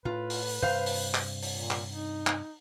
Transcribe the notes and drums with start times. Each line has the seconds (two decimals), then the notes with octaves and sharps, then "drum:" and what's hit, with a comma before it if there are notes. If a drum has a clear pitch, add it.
0.05 A2 F4 B4
0.30 drum: open hi-hat
0.62 G2 C3 C5 F5
0.86 drum: open hi-hat
1.14 drum: clap
1.42 drum: open hi-hat
1.57 A#2
1.71 drum: clap
1.90 D#4
2.27 drum: clap